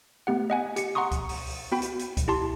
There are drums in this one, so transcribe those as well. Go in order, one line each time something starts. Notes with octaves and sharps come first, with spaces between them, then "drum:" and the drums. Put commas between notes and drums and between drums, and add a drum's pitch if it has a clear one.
A3 B3 G4 F#5
D#5 F#5 G#5
G4 C#7, drum: hi-hat
F#5 A#5 C6 C#6 D#6
drum: kick C#2, hi-hat
drum: open hi-hat
drum: open hi-hat
B3 F#4 G5 B5
drum: hi-hat
drum: hi-hat
drum: kick C#2, hi-hat
E4 G4 A5 C6